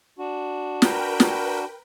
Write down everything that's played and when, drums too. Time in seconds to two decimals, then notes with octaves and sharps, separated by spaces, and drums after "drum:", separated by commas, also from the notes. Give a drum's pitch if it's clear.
0.19 D4 F#4
0.82 A#4 B4 G5, drum: snare
1.20 drum: snare